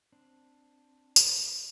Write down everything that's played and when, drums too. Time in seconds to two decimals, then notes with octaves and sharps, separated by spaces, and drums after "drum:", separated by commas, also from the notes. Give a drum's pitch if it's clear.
0.12 C4 D4
1.16 drum: tambourine